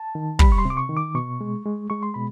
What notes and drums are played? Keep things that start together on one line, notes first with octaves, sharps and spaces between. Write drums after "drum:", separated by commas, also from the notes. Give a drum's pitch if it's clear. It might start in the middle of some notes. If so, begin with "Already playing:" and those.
Already playing: A5
D#3
G3 B5, drum: kick
C#6
C6
C3 D6
C#6
D#3
D6
B2 C#6
G#3
G#3
G#3 C#6
C6
B2 B5